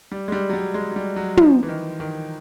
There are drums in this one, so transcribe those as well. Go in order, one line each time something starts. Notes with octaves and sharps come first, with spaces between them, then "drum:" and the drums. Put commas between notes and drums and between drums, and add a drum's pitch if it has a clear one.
G3
G#3
G3
F#3
G3
G#3
F#3
G3
F#3
F3, drum: tom
E3
D#3
D#3